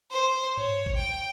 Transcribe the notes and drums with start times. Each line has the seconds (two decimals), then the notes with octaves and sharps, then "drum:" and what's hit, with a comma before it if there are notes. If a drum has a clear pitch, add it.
0.11 C5
0.57 C#5, drum: tom G2
0.86 drum: kick G#1
0.96 G5